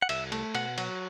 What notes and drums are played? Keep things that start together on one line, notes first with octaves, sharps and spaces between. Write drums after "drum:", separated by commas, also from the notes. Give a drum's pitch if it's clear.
F#5
C2 E5, drum: cymbal
A3, drum: cymbal
B2 F#5, drum: cymbal
F#3, drum: cymbal